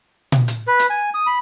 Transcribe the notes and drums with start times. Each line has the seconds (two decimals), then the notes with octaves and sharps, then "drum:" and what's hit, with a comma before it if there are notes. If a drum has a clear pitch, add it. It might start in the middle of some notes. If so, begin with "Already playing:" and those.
0.32 drum: tom A#2
0.48 drum: hi-hat
0.67 B4
0.79 drum: hi-hat
0.90 G#5
1.14 D#6
1.27 B5